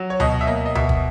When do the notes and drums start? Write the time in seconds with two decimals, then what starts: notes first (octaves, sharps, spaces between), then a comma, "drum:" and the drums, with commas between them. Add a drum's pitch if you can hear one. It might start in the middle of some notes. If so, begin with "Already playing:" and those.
Already playing: F#3
0.10 C#5
0.20 B2 D#5, drum: tom D2
0.41 E5
0.47 A#3 D#5
0.66 D#5
0.75 B2 E5, drum: tom D2
0.89 drum: kick